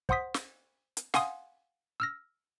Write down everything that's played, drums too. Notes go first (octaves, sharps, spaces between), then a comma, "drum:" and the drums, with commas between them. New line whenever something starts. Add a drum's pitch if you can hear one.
C5 F#5 C6 D#6 B6, drum: kick
drum: snare
drum: hi-hat
F5 F#5 G#5 C6 D#6, drum: snare
E6 F6 A#6